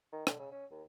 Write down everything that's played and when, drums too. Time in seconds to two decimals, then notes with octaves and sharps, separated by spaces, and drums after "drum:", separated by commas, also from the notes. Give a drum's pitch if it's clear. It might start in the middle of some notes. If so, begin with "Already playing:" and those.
0.12 D#3
0.27 D3, drum: rim click
0.39 C#3
0.52 C#4
0.71 D#2